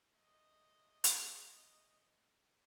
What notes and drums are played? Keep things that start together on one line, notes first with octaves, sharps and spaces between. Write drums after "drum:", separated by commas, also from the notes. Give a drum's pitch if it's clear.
G#3 A3 D#5
drum: hi-hat